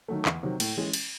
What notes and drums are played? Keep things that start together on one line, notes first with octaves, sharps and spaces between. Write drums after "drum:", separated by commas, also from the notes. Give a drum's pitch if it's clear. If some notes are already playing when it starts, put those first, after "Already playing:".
D#3 F#3 A3
E2, drum: clap
C3 D#3 F#3
A2, drum: cymbal
E3 G#3 C#4
drum: cymbal